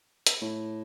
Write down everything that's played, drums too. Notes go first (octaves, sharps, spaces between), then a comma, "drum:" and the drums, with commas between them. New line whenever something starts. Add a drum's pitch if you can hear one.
drum: hi-hat
A2